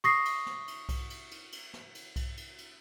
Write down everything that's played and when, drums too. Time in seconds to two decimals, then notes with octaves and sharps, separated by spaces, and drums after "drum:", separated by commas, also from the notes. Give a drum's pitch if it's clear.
0.04 C#6 D#6 A#6 C7, drum: cymbal
0.25 drum: cymbal
0.46 drum: snare
0.68 drum: cymbal
0.89 drum: kick B1, cymbal
1.10 drum: cymbal
1.31 drum: cymbal
1.52 drum: cymbal
1.74 drum: snare
1.95 drum: cymbal
2.16 drum: kick B1, cymbal
2.37 drum: cymbal
2.58 drum: cymbal